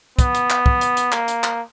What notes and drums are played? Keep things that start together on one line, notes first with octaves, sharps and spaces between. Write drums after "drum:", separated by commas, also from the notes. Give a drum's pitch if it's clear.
B3, drum: kick, hi-hat
drum: hi-hat
drum: clap
drum: kick
drum: hi-hat
drum: hi-hat
A#3, drum: clap
drum: hi-hat
drum: clap